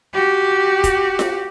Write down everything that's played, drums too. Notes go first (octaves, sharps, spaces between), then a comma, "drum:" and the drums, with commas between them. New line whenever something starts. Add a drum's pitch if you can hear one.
F#4 G4
drum: kick, hi-hat
drum: snare F4